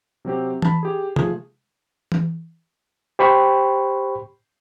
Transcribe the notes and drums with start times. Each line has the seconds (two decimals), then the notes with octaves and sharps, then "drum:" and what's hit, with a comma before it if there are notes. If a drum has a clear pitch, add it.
0.25 C3 F#3 C4 G4
0.62 A5 B5, drum: tom E3
0.83 G4 G#4
1.16 F3 A3 G#4, drum: tom C3
2.12 drum: tom E3
3.19 G4 C5 G5 B5 C#6